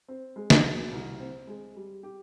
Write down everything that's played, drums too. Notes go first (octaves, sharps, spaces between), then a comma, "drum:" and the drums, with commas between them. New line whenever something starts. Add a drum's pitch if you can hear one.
C4
G#3
drum: snare
B2
C2
C4
G#3
G3
G4